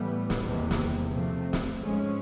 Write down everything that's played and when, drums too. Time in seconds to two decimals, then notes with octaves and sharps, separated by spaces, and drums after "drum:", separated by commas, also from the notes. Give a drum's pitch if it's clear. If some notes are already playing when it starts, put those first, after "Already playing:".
Already playing: A2 E3 G3 B3
0.30 drum: snare
0.45 E2 C3 D#3 G3 A#3
0.71 drum: snare
1.12 C3 F3 A3 C4
1.53 drum: snare
1.80 G#2 F3 G#3 C#4